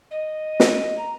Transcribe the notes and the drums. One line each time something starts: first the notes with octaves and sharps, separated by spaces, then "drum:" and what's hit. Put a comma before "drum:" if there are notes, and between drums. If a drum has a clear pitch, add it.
D#5
drum: snare
A#5